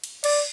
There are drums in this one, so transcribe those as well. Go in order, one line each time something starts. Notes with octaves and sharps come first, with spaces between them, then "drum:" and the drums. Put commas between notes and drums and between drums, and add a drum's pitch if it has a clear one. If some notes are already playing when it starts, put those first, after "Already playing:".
drum: cymbal
D5, drum: cymbal